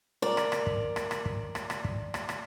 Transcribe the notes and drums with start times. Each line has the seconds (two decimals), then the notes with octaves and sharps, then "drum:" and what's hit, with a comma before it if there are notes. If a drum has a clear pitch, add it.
0.22 A#4 D5
0.37 drum: rim click
0.52 drum: rim click
0.67 drum: kick
0.96 drum: rim click
1.11 drum: rim click
1.26 drum: kick
1.55 drum: rim click
1.70 drum: rim click
1.84 drum: kick
2.14 drum: rim click
2.29 drum: rim click